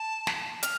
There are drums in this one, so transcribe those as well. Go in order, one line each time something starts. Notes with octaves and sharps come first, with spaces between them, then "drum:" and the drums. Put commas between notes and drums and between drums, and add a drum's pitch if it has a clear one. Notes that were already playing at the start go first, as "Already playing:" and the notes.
Already playing: A5
drum: snare
F6, drum: hi-hat